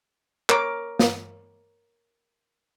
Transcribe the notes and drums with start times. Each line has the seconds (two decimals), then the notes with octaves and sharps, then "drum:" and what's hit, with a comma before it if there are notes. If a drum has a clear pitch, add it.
0.49 A#4 C#5 D6, drum: clap
0.99 drum: snare